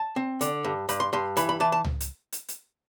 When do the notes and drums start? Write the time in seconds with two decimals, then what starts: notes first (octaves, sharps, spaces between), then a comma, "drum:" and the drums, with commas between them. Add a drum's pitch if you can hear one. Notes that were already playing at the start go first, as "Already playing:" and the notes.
Already playing: A5
0.16 C4
0.41 D3, drum: hi-hat
0.64 G2
0.89 G2 B5, drum: hi-hat
1.00 C6
1.13 G2 C6
1.37 E3 B5, drum: hi-hat
1.49 B5
1.60 E3 A5
1.72 A5
1.84 drum: tom C#2
2.00 drum: hi-hat
2.32 drum: hi-hat
2.48 drum: hi-hat